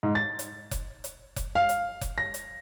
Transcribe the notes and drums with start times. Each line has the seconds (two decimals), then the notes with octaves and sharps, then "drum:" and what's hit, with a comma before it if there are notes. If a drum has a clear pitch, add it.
0.03 G#2
0.15 A6
0.39 drum: hi-hat
0.71 drum: kick F1, hi-hat
1.04 drum: hi-hat
1.36 drum: kick F1, hi-hat
1.55 F5
1.69 drum: hi-hat
2.01 drum: kick F1, hi-hat
2.18 A#6
2.34 drum: hi-hat